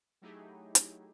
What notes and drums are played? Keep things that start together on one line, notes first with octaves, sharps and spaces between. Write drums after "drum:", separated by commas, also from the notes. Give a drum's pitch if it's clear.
F#3 A3 D#4 E4 G4 G#4
drum: hi-hat